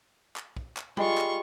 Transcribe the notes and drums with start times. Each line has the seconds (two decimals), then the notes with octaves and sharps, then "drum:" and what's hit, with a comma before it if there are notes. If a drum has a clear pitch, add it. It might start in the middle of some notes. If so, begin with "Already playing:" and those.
0.36 drum: clap
0.57 drum: kick
0.77 drum: clap
0.97 G3 G#3 F4 C#6, drum: tom G3
1.17 drum: clap